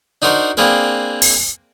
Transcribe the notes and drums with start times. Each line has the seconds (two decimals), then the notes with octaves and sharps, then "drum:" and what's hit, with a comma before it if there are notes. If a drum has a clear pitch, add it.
0.22 D4 D#4 F#4 A#4 C5 D#5
0.57 A#3 C4 D4 G#4 A#4 B4
1.22 drum: open hi-hat